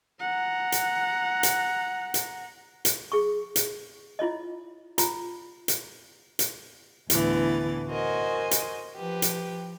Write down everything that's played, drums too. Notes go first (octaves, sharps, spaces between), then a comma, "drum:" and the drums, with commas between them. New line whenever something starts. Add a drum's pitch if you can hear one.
F#5 A#5
drum: hi-hat
drum: hi-hat
drum: hi-hat
drum: hi-hat
G#4 C#6
drum: hi-hat
E4 F4 C#5 D#5
F4 A#5, drum: hi-hat
drum: hi-hat
drum: hi-hat
D2 A2 D3 E3 B3 A6, drum: hi-hat
F#4 A#4 C5 D#5 G#5
drum: hi-hat
F3 G4 B4
drum: hi-hat